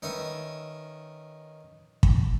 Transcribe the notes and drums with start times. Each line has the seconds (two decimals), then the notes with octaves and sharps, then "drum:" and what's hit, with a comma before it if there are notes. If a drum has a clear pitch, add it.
0.02 D#3 C#4 B4 E5 D#6
2.03 drum: kick